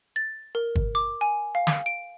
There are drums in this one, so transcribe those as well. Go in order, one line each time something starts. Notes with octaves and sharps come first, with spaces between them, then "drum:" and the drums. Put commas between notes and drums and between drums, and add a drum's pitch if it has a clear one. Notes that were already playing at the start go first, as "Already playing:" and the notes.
A6
A#4
drum: kick G1
D6
G#5
F5
drum: snare
D7